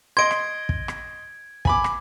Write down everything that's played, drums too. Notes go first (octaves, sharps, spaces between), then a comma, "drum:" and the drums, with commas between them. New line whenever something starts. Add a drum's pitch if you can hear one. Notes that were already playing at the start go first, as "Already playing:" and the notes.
D#5 C6 G#6 D7
drum: rim click
drum: kick
drum: rim click
G#5 B5 D6, drum: kick
drum: rim click